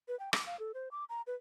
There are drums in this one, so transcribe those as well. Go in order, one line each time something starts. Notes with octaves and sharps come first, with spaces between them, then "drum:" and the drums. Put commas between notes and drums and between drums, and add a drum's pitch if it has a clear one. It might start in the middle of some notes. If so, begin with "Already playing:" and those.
B4
G5
D6, drum: rim click
F5
A4
C5
D6
A#5
B4